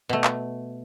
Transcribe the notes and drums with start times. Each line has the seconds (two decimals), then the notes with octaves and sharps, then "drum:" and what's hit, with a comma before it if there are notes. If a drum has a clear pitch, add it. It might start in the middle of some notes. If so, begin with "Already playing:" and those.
0.09 B2 A3
0.24 drum: clap